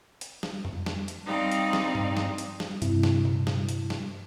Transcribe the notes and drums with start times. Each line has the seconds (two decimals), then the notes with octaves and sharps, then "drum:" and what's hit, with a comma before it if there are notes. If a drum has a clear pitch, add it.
0.21 drum: hi-hat
0.43 drum: snare
0.65 drum: tom F2
0.86 drum: snare
1.08 drum: hi-hat
1.25 G3 C4 D#4 D5 F5
1.52 drum: hi-hat
1.73 drum: snare
1.95 drum: tom G2
2.17 drum: snare
2.38 drum: hi-hat
2.60 drum: snare
2.82 G2 C3 E4, drum: hi-hat
3.03 drum: snare
3.25 drum: tom A#2
3.47 drum: snare
3.69 drum: hi-hat
3.90 drum: snare